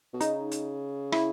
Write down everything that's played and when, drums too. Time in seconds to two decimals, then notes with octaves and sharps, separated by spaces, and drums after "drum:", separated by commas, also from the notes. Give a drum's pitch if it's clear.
0.13 B2
0.21 C#3 D#4, drum: hi-hat
0.51 drum: hi-hat
1.12 E4, drum: rim click